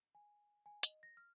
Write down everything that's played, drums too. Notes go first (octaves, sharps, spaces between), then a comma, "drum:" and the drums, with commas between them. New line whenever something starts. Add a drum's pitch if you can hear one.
G#5
G#5
D#5, drum: hi-hat
A#6
F6